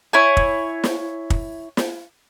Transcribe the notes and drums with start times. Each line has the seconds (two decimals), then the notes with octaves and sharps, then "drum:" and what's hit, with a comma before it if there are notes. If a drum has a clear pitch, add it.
0.13 E4 C#5 G#5
0.37 drum: kick
0.84 drum: snare
1.30 drum: kick
1.77 drum: snare